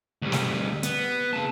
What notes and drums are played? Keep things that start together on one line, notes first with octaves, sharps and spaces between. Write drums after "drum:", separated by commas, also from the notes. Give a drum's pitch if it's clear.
D2 G3
drum: snare
B3, drum: hi-hat
C#3 A5